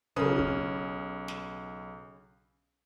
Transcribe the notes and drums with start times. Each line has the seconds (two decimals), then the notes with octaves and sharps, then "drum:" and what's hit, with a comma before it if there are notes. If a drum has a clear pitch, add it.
0.16 B1 C#3 C#4 D#6, drum: tom
0.39 drum: kick
1.28 drum: snare